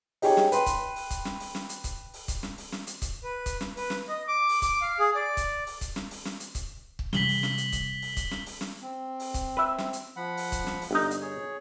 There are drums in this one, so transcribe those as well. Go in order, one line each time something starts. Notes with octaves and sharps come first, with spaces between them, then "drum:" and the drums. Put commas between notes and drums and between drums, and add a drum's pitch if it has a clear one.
D#4 G4 G#4 C#5, drum: open hi-hat
drum: snare
B4 G5 C6, drum: hi-hat
drum: kick, hi-hat
drum: open hi-hat
drum: kick, hi-hat
drum: snare
drum: open hi-hat
drum: snare
drum: hi-hat
drum: kick, hi-hat
drum: open hi-hat
drum: kick, hi-hat
drum: snare
drum: open hi-hat
drum: snare
drum: hi-hat
drum: kick, hi-hat
B4
drum: kick, hi-hat
drum: snare
B4, drum: open hi-hat
drum: snare
D#5
D6
drum: open hi-hat
D6, drum: kick, hi-hat
F5
G#4
D5
drum: kick, hi-hat
drum: open hi-hat
drum: kick, hi-hat
drum: snare
drum: open hi-hat
drum: snare
drum: hi-hat
drum: kick, hi-hat
drum: kick
C3 E3 G3 B6 F#7 G7, drum: snare
drum: open hi-hat
drum: snare
drum: hi-hat
drum: kick, hi-hat
drum: open hi-hat
drum: kick, hi-hat
drum: snare
drum: open hi-hat
drum: snare
C4
drum: open hi-hat
drum: kick, hi-hat
B4 E5
drum: snare
drum: hi-hat
F3 F#5 B5
drum: open hi-hat
drum: kick, hi-hat
drum: snare
drum: open hi-hat
G1 D#4
drum: hi-hat
G#4 C#5